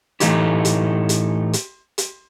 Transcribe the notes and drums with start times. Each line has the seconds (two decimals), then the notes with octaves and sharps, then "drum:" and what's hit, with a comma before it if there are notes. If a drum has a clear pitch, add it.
0.20 A2 E3 A3 D#4 E4 G4, drum: hi-hat
0.65 drum: hi-hat
1.09 drum: hi-hat
1.53 drum: hi-hat
1.98 drum: hi-hat